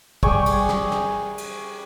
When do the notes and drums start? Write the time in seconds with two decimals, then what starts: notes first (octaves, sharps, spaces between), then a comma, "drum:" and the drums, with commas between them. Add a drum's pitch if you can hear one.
0.23 G3 G#4 G5 C#6, drum: kick
0.46 drum: cymbal
0.69 drum: snare
0.92 drum: snare
1.38 drum: cymbal